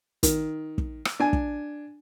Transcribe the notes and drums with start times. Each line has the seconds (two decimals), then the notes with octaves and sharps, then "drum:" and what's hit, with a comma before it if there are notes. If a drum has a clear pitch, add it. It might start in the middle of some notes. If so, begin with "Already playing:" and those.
0.23 D#3, drum: kick, hi-hat
0.78 drum: kick
1.05 drum: rim click
1.20 D4 G#5
1.33 drum: kick